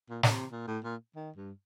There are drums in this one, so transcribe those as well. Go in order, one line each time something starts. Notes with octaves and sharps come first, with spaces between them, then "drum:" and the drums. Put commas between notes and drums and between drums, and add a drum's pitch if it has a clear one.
A#2
D3, drum: snare
C3
A#2
A2
A#2
D#3
G2